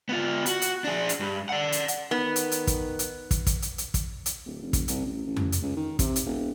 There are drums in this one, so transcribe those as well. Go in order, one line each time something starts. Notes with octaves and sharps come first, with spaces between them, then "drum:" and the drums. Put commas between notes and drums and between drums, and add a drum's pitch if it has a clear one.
B3 F4
F#4, drum: hi-hat
drum: hi-hat
D4 G#4
drum: hi-hat
G2
D5 F#5
drum: hi-hat
drum: hi-hat
D#3 B3
drum: hi-hat
drum: hi-hat
drum: kick, hi-hat
drum: hi-hat
drum: kick, hi-hat
drum: kick, hi-hat
drum: hi-hat
drum: hi-hat
drum: kick, hi-hat
drum: hi-hat
D1
F1
drum: kick, hi-hat
C2, drum: hi-hat
A1
A1
drum: tom F2
drum: hi-hat
C#2
D#3
C3, drum: kick, hi-hat
drum: hi-hat
E1